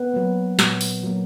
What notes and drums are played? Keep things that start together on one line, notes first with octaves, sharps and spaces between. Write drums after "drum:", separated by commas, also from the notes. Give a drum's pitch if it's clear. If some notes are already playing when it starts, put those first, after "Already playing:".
Already playing: B3 B4
F#3 A#3
A#2, drum: snare
drum: open hi-hat
F#3 A#3